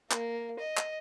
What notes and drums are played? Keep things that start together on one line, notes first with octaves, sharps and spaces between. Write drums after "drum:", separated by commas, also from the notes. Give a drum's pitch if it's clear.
A#3, drum: clap
D#5
drum: clap